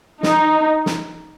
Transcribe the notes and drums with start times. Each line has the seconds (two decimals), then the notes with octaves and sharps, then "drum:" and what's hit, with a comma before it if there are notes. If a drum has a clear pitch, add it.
0.23 D#4, drum: snare
0.86 drum: snare